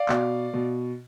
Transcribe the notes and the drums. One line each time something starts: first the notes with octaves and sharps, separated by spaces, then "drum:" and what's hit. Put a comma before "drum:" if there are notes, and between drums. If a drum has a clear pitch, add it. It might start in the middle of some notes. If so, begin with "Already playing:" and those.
Already playing: D5 F5
B2, drum: clap
B2